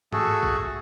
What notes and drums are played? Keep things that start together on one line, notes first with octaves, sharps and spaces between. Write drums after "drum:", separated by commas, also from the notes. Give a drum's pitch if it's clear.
A3 F#4 G#4 A4, drum: tom G#2
drum: kick